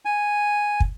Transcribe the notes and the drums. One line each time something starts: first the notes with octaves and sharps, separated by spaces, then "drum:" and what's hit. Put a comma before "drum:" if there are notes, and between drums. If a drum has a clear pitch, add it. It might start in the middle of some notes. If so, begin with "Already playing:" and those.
G#5
drum: kick